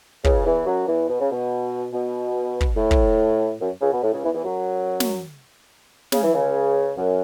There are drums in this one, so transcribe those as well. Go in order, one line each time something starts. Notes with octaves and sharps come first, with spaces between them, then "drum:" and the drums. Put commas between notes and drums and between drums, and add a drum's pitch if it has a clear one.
C#2 C#3, drum: kick
E2 E3
F#2 F#3
E2 E3
B2
C#3
B2
B2
drum: kick
A2
drum: kick
F#2
C#2 C#3
B2
A2
C#2 C#3
E2 E3
E2 E3
F#2 F#3
drum: snare
C#3, drum: snare
E3
C#2 C#3
F#2